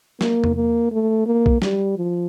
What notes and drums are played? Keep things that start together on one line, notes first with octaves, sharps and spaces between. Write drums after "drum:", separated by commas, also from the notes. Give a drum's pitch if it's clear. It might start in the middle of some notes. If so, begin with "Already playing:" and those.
A#3, drum: snare
drum: tom E2
A#3
A3
A#3
drum: kick B1
G3, drum: snare
F3